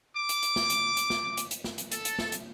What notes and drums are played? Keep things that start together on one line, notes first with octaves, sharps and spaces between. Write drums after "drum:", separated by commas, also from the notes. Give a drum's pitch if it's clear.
D6
drum: hi-hat
drum: hi-hat
drum: snare
drum: hi-hat
drum: hi-hat
drum: snare
drum: hi-hat
drum: hi-hat
drum: snare
drum: hi-hat
A4, drum: hi-hat
drum: hi-hat
drum: snare
drum: hi-hat